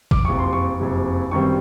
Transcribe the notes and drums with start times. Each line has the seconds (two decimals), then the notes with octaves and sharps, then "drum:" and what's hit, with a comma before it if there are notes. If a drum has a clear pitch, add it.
0.11 D6, drum: kick
0.25 F#1 F2 C3 C#6
0.39 C6
0.53 C#6
0.80 F#1 F2 C3
1.31 G1 F#2 D#3 G3 C4 C#6